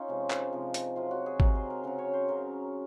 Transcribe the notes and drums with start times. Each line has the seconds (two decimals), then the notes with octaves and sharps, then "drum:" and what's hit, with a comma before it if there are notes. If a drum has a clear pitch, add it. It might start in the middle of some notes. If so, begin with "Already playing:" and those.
Already playing: C#4 D#4 F4
0.08 C3 F3 G#3
0.30 drum: clap
0.52 C3 F3 G#3
0.74 drum: hi-hat
0.96 C3 F#3 F4
1.11 F#4
1.26 G#4
1.40 C3 F#3 A#4, drum: kick G#1
1.55 C5
1.70 A#4
1.84 C#3 F#3 A#4
1.98 C#5
2.13 C5
2.28 C#3 F#3 A#4